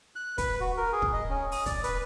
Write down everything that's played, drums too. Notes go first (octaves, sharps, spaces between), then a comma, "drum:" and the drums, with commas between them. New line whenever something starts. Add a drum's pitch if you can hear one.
F#6
B4, drum: kick, hi-hat
F#4
A#4
G#4
drum: kick
D#5
C#4
D#6, drum: open hi-hat
D5, drum: kick, hi-hat
B4, drum: hi-hat